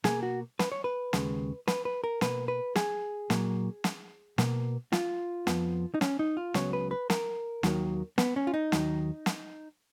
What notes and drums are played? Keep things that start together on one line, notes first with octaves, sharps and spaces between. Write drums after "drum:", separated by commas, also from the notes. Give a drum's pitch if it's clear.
B2 A#3 G#4, drum: snare
F#4
B4, drum: snare
C#5
B4
D#2 C#3 G#3, drum: snare
B4, drum: snare
B4
A#4
B2 A#3 B4, drum: snare
B4
G#4, drum: snare
A#2 F#3 A#3, drum: snare
drum: snare
B2 A#3, drum: snare
F4, drum: snare
F2 F3 B3, drum: snare
D#4
C#4, drum: snare
D#4
F4
C#2 C#3 F#3 B3 C#5, drum: snare
B4
B4
A#4, drum: snare
D#2 D#3 F#3 A#3, drum: snare
B3, drum: snare
C#4
F4
D#4
D#2 D#3 F#3, drum: snare
drum: snare